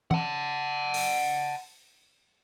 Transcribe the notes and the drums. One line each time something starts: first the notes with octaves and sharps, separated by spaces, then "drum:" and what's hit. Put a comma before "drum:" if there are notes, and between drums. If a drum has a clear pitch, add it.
F#5 A5, drum: tom
drum: open hi-hat